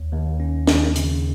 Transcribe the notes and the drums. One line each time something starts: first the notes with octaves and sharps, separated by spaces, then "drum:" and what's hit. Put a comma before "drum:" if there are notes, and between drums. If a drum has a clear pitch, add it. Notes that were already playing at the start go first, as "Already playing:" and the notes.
Already playing: D#2
D#2
C#4
D#2, drum: snare
C#3, drum: hi-hat